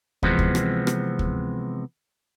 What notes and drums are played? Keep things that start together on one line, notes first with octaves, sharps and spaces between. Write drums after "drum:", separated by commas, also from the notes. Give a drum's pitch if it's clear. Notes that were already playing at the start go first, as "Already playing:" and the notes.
C3 E3 F3 G#3 B3 C4, drum: kick
drum: kick
drum: rim click
drum: rim click
drum: kick